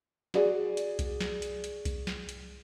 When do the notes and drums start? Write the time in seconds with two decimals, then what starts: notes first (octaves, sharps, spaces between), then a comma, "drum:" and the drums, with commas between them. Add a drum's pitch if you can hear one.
0.34 F#4 G#4 D5, drum: snare
0.77 drum: hi-hat
0.99 drum: kick B1, hi-hat
1.21 drum: snare
1.42 drum: hi-hat
1.64 drum: hi-hat
1.85 drum: kick B1, hi-hat
2.07 drum: snare
2.29 drum: hi-hat